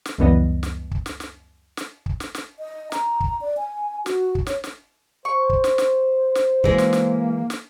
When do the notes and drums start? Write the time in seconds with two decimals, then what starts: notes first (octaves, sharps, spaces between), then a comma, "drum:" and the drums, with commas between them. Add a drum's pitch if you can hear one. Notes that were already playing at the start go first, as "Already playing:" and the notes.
0.05 drum: snare
0.18 C#2 F#2 E3 G3 B3 D#5
0.63 drum: snare
0.91 drum: kick
1.06 drum: snare
1.20 drum: snare
1.77 drum: snare
2.06 drum: kick
2.20 drum: snare
2.35 drum: snare
2.59 D#5
2.92 A#5, drum: snare
3.20 drum: kick
3.41 D5
3.57 G#5
4.06 F#4, drum: snare
4.35 drum: kick
4.47 C#5, drum: snare
4.64 drum: snare
5.25 C5 C#6
5.49 drum: kick
5.64 drum: snare
5.78 drum: snare
6.35 drum: snare
6.64 E3 G#3 A#3, drum: kick
6.78 drum: snare
6.93 drum: snare
7.50 drum: snare